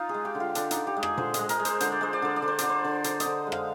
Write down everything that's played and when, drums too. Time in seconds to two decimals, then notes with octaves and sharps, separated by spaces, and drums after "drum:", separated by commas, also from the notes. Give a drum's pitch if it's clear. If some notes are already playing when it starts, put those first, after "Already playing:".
Already playing: D#4 F4
0.09 G#4
0.14 G#3
0.25 G4
0.35 D3
0.40 F4
0.55 D3 D4, drum: hi-hat
0.71 D#4, drum: hi-hat
0.77 D3
0.87 G4
0.97 G#3
1.03 G#4, drum: rim click
1.17 D3 C5, drum: tom A#2
1.34 G#3 D#5, drum: hi-hat
1.49 A#4, drum: hi-hat
1.60 G#3
1.65 C5, drum: hi-hat
1.80 D3 C5, drum: hi-hat
1.92 D5
2.01 G#3 C5
2.13 D5
2.22 D3 C5
2.36 D5
2.42 D3
2.48 C5
2.58 D3 D5, drum: hi-hat
2.69 C5
2.85 D3
3.04 D3 D5, drum: hi-hat
3.20 D#5, drum: hi-hat
3.26 D3
3.47 G#3
3.52 F5, drum: rim click